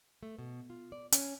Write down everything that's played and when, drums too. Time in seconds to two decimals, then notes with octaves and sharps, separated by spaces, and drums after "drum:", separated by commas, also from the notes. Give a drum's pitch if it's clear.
0.23 A3
0.39 B2
0.70 F4
0.92 D5
1.12 C#4, drum: hi-hat